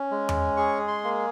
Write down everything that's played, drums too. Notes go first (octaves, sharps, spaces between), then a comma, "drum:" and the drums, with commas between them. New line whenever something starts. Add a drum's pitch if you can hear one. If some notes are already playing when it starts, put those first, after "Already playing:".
Already playing: C#4
G#3
drum: tom E2
G#4 C#6
C6
A#3